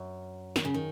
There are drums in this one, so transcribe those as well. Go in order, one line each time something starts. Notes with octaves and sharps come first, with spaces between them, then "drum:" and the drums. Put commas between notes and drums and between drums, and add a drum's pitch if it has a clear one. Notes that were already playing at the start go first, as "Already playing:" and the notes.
Already playing: F#2
D#3, drum: snare
C#3
D#3